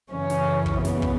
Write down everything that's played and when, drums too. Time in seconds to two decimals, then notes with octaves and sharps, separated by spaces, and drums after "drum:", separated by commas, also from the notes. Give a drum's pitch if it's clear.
0.11 F#2 C#3 E3 C#4
0.30 drum: snare
0.66 drum: kick
0.85 B3, drum: snare
1.02 drum: kick